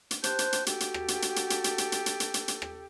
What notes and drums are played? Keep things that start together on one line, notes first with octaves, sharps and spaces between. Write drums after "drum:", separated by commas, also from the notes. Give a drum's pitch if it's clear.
drum: hi-hat
G4 C5 A5 F#6 G6, drum: hi-hat
drum: hi-hat
drum: hi-hat
F#4 G4 A4, drum: hi-hat
drum: hi-hat
drum: rim click
drum: hi-hat
drum: hi-hat
drum: hi-hat
drum: hi-hat
drum: hi-hat
drum: hi-hat
drum: hi-hat
drum: hi-hat
drum: hi-hat
drum: hi-hat
drum: hi-hat
drum: rim click